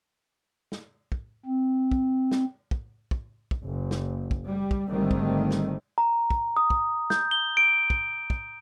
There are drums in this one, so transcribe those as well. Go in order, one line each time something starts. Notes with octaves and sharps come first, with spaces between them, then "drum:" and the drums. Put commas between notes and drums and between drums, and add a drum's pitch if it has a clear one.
drum: snare
drum: kick
C4
drum: kick
drum: snare
drum: kick
drum: kick
drum: kick
F#1
drum: snare
drum: kick
G3
drum: kick
G#1 D3 D#3 G3 A3 C4
drum: kick
drum: snare
A#5
drum: kick
D#6
drum: kick
G6, drum: snare
G7
D7
drum: kick
drum: kick